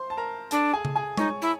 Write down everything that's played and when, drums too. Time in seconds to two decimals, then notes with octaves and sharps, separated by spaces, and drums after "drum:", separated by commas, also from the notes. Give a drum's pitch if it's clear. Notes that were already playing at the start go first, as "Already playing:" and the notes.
Already playing: C5 C6
0.10 A5
0.17 A#4 A#5
0.51 D4 A4 A5, drum: hi-hat
0.73 G#4 G#5
0.85 drum: tom C#3
0.96 G#4 G#5
1.17 D#4 C#5 C#6, drum: tom G#3
1.42 E4